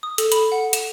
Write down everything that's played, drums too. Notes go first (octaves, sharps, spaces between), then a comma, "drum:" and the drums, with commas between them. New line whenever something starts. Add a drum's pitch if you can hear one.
D#6
A4, drum: hi-hat
B5, drum: hi-hat
F#5
E7, drum: hi-hat